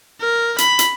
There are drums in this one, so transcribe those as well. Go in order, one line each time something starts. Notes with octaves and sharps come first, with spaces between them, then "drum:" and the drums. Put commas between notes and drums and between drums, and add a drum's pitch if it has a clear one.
A#4
B5, drum: hi-hat
drum: hi-hat